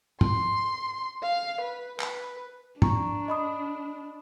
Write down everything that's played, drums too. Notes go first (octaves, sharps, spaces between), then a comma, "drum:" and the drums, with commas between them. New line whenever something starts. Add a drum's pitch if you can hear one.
C6, drum: tom
F5
B4
B4, drum: clap
D4 A#5 C#6, drum: tom
D#5 B5 D#6